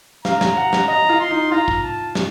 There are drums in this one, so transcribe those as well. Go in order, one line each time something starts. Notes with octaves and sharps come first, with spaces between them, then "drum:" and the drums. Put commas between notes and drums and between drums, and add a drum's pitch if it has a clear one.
F5 A#5, drum: snare
drum: snare
F#5
drum: snare
D#5 A#5
F4
C6
D#4
F4 A#5
drum: kick
A5
drum: snare